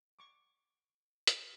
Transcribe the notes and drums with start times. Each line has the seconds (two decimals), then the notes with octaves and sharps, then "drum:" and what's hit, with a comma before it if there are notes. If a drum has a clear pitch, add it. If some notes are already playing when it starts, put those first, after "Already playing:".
0.19 C#6 D6
1.27 drum: hi-hat